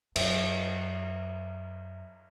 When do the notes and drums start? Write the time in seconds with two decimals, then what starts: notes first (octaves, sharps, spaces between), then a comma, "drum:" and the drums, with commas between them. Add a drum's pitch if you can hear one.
0.16 F#2 E5, drum: cymbal